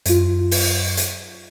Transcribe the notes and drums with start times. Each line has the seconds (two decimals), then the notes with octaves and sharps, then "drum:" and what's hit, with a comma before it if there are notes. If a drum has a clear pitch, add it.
0.05 F#2 F4, drum: hi-hat
0.51 drum: open hi-hat
0.97 drum: hi-hat